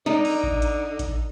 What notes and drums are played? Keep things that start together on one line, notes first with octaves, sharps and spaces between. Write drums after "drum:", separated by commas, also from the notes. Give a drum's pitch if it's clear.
D3 D#4, drum: snare
drum: open hi-hat
drum: kick A1
drum: hi-hat
drum: kick A1, hi-hat